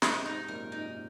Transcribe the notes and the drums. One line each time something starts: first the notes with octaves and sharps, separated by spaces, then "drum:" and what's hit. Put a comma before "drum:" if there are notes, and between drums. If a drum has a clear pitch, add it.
G#2 C3 D#5, drum: snare
D#4
F#2 A#2 A#4
D#4